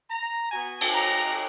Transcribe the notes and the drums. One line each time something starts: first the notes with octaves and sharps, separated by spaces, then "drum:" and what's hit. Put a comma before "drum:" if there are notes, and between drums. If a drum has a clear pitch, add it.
A#5
B3 F#4 G#5
drum: cymbal
A#5